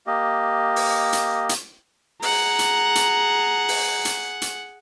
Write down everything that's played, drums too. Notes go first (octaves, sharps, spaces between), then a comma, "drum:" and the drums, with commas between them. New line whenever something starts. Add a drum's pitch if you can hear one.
A#3 G4 D#5
drum: open hi-hat
drum: hi-hat
drum: hi-hat
G#4 F#5 A#5, drum: open hi-hat
drum: hi-hat
drum: hi-hat
drum: open hi-hat
drum: hi-hat
drum: hi-hat